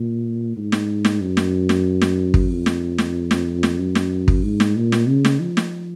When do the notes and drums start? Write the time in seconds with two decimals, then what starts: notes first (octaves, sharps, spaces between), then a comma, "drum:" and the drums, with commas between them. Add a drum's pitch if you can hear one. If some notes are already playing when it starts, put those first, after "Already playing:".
Already playing: A#2
0.57 G#2
0.72 drum: snare
1.05 drum: snare
1.21 F#2
1.37 drum: snare
1.69 drum: snare
2.02 drum: snare
2.34 drum: kick
2.50 F2
2.66 drum: snare
2.98 drum: snare
3.31 drum: snare
3.63 drum: snare
3.79 F#2
3.95 drum: snare
4.28 drum: kick
4.44 G#2
4.60 drum: snare
4.76 A#2
4.92 drum: snare
5.08 C#3
5.25 drum: snare
5.40 F3
5.57 drum: snare